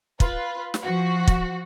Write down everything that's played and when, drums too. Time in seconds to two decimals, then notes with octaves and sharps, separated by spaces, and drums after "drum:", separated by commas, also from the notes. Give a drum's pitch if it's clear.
0.20 F4 B4, drum: kick
0.74 drum: snare
0.84 F3 F#4
1.28 drum: kick